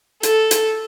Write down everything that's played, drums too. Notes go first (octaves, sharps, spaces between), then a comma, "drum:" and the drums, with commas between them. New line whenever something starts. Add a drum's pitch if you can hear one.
A4, drum: hi-hat
drum: hi-hat